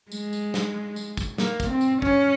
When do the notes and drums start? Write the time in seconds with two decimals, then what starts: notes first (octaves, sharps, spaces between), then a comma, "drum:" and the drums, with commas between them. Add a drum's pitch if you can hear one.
0.12 G#3, drum: tambourine
0.33 drum: tambourine
0.54 drum: snare
0.96 drum: tambourine
1.17 drum: kick, tambourine
1.38 A#3, drum: snare
1.60 drum: kick, tambourine
1.70 C4
1.81 drum: tambourine
2.02 C#4, drum: kick